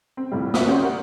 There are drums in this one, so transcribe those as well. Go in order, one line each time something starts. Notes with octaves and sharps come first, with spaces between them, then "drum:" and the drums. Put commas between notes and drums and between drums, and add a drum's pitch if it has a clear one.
C4
A#1 A2 C3 G3
G1 F#4 E5 D#6, drum: snare
C#4 G4 D5 F#5 C6
A#4 F#5